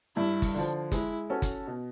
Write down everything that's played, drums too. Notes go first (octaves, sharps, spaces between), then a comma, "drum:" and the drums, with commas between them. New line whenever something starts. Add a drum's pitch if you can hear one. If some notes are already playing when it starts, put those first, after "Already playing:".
G2 E4
drum: kick G1, open hi-hat
D3 F3
G#3 E4, drum: kick G1, hi-hat
C#4 F#4 A4
drum: kick G1, hi-hat
B2